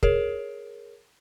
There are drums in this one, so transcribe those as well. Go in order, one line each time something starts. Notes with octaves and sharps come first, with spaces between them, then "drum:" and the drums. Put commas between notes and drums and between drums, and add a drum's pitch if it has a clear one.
G#4 A#4 C#5, drum: kick